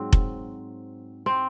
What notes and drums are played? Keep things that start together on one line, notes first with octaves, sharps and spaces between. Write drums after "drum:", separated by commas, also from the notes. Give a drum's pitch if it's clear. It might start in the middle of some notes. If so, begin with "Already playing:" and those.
Already playing: G#2 F#3 C4
drum: kick F1
C4